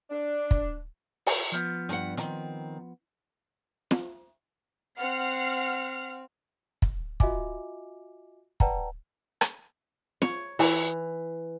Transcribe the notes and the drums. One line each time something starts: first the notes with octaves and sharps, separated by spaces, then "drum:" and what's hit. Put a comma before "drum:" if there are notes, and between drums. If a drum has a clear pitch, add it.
D4
drum: kick
drum: open hi-hat
F3 B3
G2 F#5, drum: hi-hat
D#3 C4, drum: hi-hat
drum: snare
C4 F#5 F6 C7
drum: kick
F4 F#4 D#5 E5 G#5 D6, drum: kick
B4 D5 F#5 G5 A5 A#5, drum: kick
drum: rim click
C#5, drum: snare
E3, drum: open hi-hat